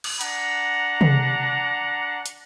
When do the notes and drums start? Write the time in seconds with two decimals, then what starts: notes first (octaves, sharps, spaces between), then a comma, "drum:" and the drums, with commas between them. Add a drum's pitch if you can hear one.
0.04 drum: cymbal
0.21 D4 F#5 A#5, drum: hi-hat
1.01 drum: tom
2.26 drum: hi-hat